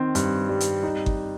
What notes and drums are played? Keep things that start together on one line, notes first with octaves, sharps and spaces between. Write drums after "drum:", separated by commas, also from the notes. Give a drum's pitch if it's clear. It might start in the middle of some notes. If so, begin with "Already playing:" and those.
Already playing: D#3 C4
G2, drum: hi-hat
G3
drum: hi-hat
D#4
drum: kick G1